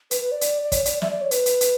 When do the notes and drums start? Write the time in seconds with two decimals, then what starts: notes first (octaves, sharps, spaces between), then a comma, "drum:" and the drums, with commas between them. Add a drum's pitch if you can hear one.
0.11 B4, drum: hi-hat
0.21 B4
0.32 D5
0.41 drum: hi-hat
0.63 D5
0.72 C#5, drum: kick, hi-hat
0.85 D5, drum: hi-hat
1.02 E5, drum: snare
1.11 D5
1.21 C#5
1.31 B4, drum: hi-hat
1.46 drum: hi-hat
1.61 drum: hi-hat